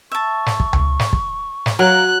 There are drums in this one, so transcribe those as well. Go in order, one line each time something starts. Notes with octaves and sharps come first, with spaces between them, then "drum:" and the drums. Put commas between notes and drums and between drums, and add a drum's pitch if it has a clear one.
E5 A5 C#6
drum: snare
drum: kick
drum: tom C#2
drum: snare
drum: kick
drum: snare
F#3 A#4 F5 F#6